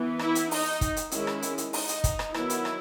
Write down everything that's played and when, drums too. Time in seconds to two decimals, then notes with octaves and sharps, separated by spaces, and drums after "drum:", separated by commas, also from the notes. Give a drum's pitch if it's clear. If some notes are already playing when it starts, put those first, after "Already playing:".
Already playing: E3 B3
0.19 E4, drum: rim click
0.35 drum: hi-hat
0.51 D#4, drum: open hi-hat
0.81 drum: kick, hi-hat
0.97 drum: hi-hat
1.11 D#3 G#3 C#4 E4, drum: hi-hat
1.27 drum: rim click
1.42 drum: hi-hat
1.58 drum: hi-hat
1.73 D#4, drum: open hi-hat
1.88 drum: hi-hat
2.04 drum: kick, hi-hat
2.19 drum: rim click
2.34 D#3 F#3 B3 E4, drum: rim click
2.50 drum: hi-hat
2.65 drum: rim click